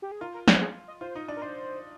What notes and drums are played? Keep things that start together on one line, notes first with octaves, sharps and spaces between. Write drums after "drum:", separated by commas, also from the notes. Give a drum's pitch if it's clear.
G4
G#4
F4 A#4
A#4
G4, drum: snare
G#4
D#5
F4 C5
D#4
D4
A#4
D4 C5